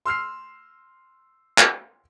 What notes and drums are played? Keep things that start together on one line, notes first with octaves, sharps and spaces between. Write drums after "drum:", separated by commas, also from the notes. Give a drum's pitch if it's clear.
C6 E6 F6 C7
drum: clap